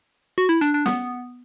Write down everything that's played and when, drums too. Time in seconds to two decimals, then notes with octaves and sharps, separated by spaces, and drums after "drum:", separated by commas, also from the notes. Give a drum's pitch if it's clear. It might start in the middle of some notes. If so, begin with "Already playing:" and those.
0.38 F#4
0.49 E4
0.61 D4, drum: hi-hat
0.74 D4
0.86 B3, drum: snare